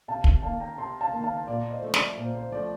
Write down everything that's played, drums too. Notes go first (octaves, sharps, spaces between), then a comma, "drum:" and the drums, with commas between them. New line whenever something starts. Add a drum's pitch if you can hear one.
C3 F5 A5
drum: kick
D#3 A#3 F5 A5
G5 A#5
C3 A5 C6
F5 A5
D#3 A#3
F5 A5
A#2 D5 F5
C5 D#5
F3 A3
D5, drum: snare
A#2 C5
C5
F3 A3 D5